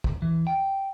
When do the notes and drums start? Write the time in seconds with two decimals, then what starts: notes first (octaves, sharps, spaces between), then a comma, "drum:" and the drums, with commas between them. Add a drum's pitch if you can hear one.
0.04 drum: kick
0.22 E3
0.47 G5